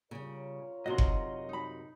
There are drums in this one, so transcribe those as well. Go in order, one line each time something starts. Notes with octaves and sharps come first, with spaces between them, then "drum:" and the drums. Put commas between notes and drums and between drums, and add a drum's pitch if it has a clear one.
C#3 G3 F4 A#4 C#5
F#2 C3 D#4 F#4 D#5 C6
drum: kick F#1
D#4 B5